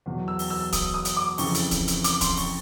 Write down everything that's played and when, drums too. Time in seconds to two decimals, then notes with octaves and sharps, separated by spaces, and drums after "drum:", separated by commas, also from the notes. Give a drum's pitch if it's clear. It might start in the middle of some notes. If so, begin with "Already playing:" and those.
0.06 E2 B2 F#3
0.28 E6
0.39 drum: open hi-hat
0.50 E6
0.73 D#6, drum: kick, hi-hat
0.94 D#6
1.05 drum: hi-hat
1.17 D6
1.38 F2 C#3 E3 C#6, drum: open hi-hat
1.55 drum: hi-hat
1.71 drum: kick, hi-hat
1.88 drum: hi-hat
2.04 D6, drum: hi-hat
2.21 C6, drum: kick, hi-hat
2.37 C#6, drum: open hi-hat